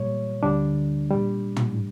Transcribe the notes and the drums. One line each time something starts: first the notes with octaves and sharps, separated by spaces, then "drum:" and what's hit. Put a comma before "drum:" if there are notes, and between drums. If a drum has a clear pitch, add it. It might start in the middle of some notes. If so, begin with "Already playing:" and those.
Already playing: A#2 G3 C#5
D2 D3 G3 D4
A#2 G3
drum: tom